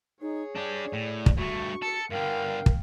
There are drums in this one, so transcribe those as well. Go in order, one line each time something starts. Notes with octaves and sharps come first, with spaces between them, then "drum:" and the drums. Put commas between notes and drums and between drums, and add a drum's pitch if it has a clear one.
D#4 G#4 C#5
D4 G4 D5
A2
drum: kick
G2 A3 F#4 C#6
A4 A5 C#7
G2 D3 A#4 F5 G5
drum: kick